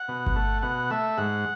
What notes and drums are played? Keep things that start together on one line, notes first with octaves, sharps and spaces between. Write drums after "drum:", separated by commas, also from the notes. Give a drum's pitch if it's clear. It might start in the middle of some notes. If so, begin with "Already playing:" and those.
Already playing: F#5
B2
drum: kick G1
A3
B2 F#5
A3 E5
G#2 F#5